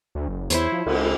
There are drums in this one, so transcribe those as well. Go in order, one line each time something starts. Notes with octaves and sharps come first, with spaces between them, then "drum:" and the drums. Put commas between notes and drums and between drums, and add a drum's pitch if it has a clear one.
D2
F#1
E2 E4 C5 C#5, drum: hi-hat
F3
C#2, drum: cymbal